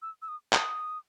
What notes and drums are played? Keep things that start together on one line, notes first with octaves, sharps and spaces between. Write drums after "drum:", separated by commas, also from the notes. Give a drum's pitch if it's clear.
E6
E6
D#6
D#6, drum: clap